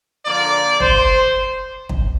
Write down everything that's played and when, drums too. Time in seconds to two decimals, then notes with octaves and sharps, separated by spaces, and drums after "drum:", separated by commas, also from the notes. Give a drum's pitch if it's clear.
0.25 D3 F3 A#3 D5
0.80 C5, drum: kick
1.89 drum: kick